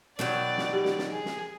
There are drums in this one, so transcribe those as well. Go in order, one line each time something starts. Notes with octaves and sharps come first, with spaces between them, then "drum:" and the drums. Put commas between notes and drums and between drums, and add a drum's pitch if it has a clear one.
B2 D#3 F#3 D5, drum: snare
drum: snare
G4
drum: snare
drum: snare
G#4
drum: snare